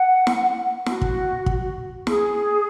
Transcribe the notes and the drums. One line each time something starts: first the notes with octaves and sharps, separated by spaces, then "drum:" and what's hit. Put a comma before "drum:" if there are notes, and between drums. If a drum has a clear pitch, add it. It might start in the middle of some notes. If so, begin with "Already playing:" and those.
Already playing: F#5
drum: snare
F#4, drum: snare
drum: kick
drum: kick
G#4, drum: snare